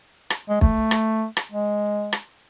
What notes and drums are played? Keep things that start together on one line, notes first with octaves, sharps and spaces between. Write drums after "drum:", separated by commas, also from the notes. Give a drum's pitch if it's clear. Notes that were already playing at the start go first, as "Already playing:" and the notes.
drum: rim click
G#3
A3, drum: kick
drum: rim click
drum: rim click
G#3
drum: rim click